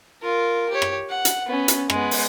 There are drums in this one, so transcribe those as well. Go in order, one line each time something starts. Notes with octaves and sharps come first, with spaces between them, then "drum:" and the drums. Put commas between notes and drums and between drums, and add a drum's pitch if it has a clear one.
F4 A#4
G4 C#5
drum: rim click
F#5
drum: hi-hat
B3 C#4
drum: hi-hat
G#3 B3, drum: rim click
drum: open hi-hat